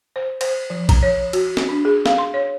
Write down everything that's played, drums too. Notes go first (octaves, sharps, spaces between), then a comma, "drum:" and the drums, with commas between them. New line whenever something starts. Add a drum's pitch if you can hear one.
C5
C5, drum: cymbal
F3
A#5, drum: kick, cymbal
C#5
F#4, drum: cymbal
drum: snare
D4
G#4
F5, drum: snare
C6
C#5